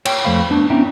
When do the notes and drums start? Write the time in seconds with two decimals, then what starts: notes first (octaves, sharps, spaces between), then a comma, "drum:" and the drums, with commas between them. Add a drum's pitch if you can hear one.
0.05 C#5 G5, drum: cymbal
0.24 F2 A3 C5 F5 B5
0.50 B3 D4 A5
0.70 B3 C#4 D4 E4 G5 A#5